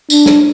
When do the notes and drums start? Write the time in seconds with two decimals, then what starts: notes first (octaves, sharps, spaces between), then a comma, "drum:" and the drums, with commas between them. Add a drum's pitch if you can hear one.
0.10 D4, drum: tambourine
0.26 drum: snare